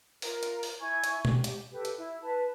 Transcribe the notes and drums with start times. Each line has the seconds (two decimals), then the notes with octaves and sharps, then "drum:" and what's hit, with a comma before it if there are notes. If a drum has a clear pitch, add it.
0.22 F4 A#4 A#5, drum: open hi-hat
0.43 drum: hi-hat
0.63 drum: open hi-hat
0.80 E4 G#5 C#6 G#6
1.04 drum: hi-hat
1.25 G4, drum: tom B2
1.44 drum: hi-hat
1.72 G4 A4 B4
1.85 drum: hi-hat
1.97 E4
2.22 B4 A5